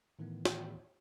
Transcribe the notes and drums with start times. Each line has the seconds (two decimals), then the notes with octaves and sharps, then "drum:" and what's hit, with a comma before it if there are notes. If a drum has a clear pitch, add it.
0.19 A2 D#3 E3 A3 B3
0.45 drum: snare